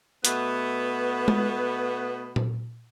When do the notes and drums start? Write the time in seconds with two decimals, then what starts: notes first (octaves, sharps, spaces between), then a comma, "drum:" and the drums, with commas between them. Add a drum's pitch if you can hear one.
0.25 B2 A3 B3, drum: hi-hat
1.28 drum: tom G#3
2.36 drum: tom A#2